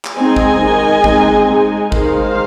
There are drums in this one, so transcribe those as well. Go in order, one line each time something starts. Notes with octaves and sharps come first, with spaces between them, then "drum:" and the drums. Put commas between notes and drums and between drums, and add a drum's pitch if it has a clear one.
drum: clap
G#3 C4 D#4 D#5 G#5
drum: kick G#1
D#3 G#3 D#4
G#3 C4 D#4, drum: kick G#1
G#3 D#4
D#3 G#3 D#4 C5 F5, drum: kick G#1